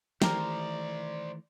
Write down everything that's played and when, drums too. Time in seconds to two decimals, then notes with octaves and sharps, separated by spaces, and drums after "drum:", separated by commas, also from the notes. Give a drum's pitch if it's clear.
0.22 D#3 E3 A3 G4 A#4 C5 D5, drum: snare